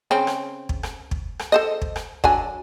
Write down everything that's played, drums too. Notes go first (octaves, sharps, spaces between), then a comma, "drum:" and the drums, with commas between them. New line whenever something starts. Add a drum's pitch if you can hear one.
C#3 C4 C#4
drum: rim click
drum: kick
drum: rim click
drum: kick
drum: rim click
A4 C5 D#5
drum: kick
drum: rim click
F#3 D4 G#5, drum: kick